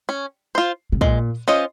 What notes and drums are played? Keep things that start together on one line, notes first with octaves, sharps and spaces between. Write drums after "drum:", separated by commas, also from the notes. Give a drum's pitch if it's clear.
C#4
F4 C5
C3
A#2 G#3, drum: kick
C#4 F4 C5 D#5